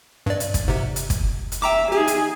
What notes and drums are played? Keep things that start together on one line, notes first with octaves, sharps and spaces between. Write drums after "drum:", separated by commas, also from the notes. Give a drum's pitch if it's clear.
G2 D5
drum: hi-hat
drum: kick, hi-hat
G#2 C3
drum: hi-hat
drum: kick, hi-hat
drum: hi-hat
E5 G5 A#5 D6
D#4 G4 G#4
drum: hi-hat